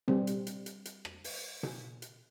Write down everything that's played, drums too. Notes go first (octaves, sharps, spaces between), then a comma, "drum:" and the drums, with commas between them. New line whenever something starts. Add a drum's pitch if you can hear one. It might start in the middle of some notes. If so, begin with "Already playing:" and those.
G3 C4, drum: tom B2
drum: hi-hat
drum: hi-hat
drum: hi-hat
drum: hi-hat
drum: rim click
drum: open hi-hat
drum: tom B2
drum: hi-hat